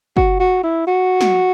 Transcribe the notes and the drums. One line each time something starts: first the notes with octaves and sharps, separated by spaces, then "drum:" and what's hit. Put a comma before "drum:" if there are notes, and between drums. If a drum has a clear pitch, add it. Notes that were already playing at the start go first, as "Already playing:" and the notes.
F#4, drum: kick
F#4
E4
F#4
drum: snare